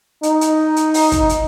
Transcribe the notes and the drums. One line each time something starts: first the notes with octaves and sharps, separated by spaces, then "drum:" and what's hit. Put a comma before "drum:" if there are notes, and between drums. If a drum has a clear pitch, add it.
D#4, drum: hi-hat
drum: hi-hat
drum: hi-hat
drum: open hi-hat
drum: kick, hi-hat
drum: hi-hat